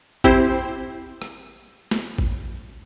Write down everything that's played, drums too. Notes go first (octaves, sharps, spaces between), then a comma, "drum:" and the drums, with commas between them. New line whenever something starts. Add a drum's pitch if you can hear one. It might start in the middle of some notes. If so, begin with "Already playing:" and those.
C4 E4 G4 C5, drum: kick A1
drum: rim click
drum: snare
drum: kick A1